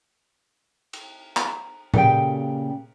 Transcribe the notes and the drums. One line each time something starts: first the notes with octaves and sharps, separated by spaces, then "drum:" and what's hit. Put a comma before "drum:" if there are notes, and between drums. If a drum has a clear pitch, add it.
drum: cymbal
A#5, drum: clap
A#2 C#3 G4 A4 G5, drum: tom